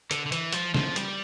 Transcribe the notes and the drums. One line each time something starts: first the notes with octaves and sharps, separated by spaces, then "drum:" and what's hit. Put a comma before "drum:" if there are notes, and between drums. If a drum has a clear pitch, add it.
D3, drum: hi-hat
D3
E3, drum: hi-hat
F3, drum: hi-hat
F3, drum: snare
G3, drum: hi-hat